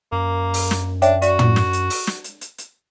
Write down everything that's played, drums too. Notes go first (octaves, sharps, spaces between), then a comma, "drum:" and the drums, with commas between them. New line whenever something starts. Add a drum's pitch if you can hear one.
F#2 A#3
drum: open hi-hat
drum: snare
D4 C#5 E5 G5, drum: hi-hat
F#4 D5, drum: hi-hat
drum: tom
drum: snare
drum: hi-hat
drum: open hi-hat
drum: snare
drum: hi-hat
drum: hi-hat
drum: hi-hat